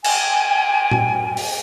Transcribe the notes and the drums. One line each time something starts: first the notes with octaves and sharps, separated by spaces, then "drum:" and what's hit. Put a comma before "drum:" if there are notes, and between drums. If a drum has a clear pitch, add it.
G5 G#5, drum: cymbal
drum: tom A#2
drum: open hi-hat